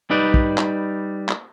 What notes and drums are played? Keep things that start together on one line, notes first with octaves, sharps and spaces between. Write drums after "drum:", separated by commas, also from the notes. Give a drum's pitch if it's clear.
G3 D#4 B4 D5
drum: kick
drum: clap
drum: clap